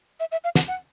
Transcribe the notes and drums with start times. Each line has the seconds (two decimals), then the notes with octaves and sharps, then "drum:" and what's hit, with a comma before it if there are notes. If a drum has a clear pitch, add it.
0.20 E5
0.32 E5
0.44 F5
0.55 F#5, drum: snare
0.68 F#5